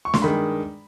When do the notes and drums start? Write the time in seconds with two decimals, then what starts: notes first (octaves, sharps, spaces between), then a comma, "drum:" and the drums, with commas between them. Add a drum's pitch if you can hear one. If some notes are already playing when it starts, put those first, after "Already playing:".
0.05 C#6
0.14 C6, drum: snare
0.22 G2 D#3 G#3 B5